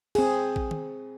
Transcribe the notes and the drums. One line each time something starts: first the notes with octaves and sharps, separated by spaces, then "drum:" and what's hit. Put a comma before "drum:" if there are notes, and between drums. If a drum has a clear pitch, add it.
C4 G#4, drum: cymbal
drum: kick
drum: tom D#3